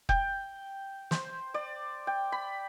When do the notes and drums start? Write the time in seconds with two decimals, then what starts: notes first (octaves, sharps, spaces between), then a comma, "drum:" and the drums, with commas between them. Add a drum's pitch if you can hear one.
0.09 G5, drum: kick F1
1.11 C5, drum: snare
1.54 D5
2.07 G5
2.32 B5